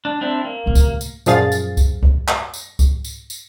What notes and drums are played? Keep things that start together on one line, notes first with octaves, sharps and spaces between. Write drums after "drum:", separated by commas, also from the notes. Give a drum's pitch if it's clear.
D4
C4 D4 E4
A#3
D2 C3
drum: kick C#2, tambourine
drum: tambourine
F#2 A#2 F3 G#4 F5 A6, drum: tambourine
drum: tambourine
drum: kick C#2, tambourine
drum: kick C#2
drum: clap
drum: tambourine
drum: kick C#2, tambourine
drum: tambourine
drum: tambourine